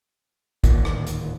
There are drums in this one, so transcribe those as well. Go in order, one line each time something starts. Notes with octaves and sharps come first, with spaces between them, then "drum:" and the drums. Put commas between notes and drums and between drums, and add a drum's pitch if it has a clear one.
D1 D#2 A#2, drum: kick, hi-hat
drum: rim click
drum: hi-hat